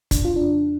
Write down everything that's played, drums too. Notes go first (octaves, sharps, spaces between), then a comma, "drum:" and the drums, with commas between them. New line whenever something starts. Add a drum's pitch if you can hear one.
C#3 D4, drum: kick, hi-hat
F4
F2 D4